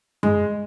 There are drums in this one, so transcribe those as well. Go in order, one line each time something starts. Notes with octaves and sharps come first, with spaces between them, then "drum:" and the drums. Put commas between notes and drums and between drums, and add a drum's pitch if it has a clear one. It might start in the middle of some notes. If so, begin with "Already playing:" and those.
G#3, drum: tom F#2